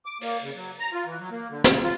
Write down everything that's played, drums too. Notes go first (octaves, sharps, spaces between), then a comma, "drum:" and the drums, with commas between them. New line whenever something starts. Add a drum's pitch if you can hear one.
D6
A#3, drum: open hi-hat
C#3
F#3
A#5
F4
E3
F#3
A#3
D3
C#3, drum: snare
F4